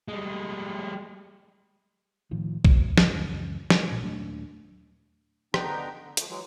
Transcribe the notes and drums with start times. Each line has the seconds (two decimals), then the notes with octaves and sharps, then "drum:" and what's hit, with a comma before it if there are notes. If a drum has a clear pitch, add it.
0.08 G3 G#3
2.31 A2 D#3 F3
2.65 A#2 F#3, drum: kick
2.98 C#2 F#2 E3 G#3, drum: snare
3.70 F3, drum: snare
3.91 A1 A#2
4.04 D#1 F#3 A3 D4
5.54 D3 B3 D4 D#4 G5 A#5, drum: rim click
5.90 D3
6.17 F3 A3, drum: hi-hat
6.29 E3 F#3 G#3